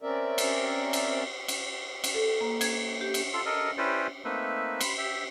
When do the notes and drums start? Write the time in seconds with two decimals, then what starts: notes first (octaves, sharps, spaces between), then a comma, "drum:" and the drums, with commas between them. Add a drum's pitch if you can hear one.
0.02 C4 C#4 A#4 D5 E5
0.38 drum: cymbal
0.93 drum: cymbal
1.48 drum: cymbal
2.04 drum: cymbal
2.14 A4
2.41 A#3
2.61 G#6, drum: cymbal
3.01 G4
3.14 drum: cymbal
3.33 F4 A4 C6
3.46 A4 A#4 D#5
3.78 C#4 E4 G4 B4 C5 D5
4.25 A3 A#3 C4 D#4 B4 E5
4.81 B5 C6, drum: cymbal
4.98 G4 E5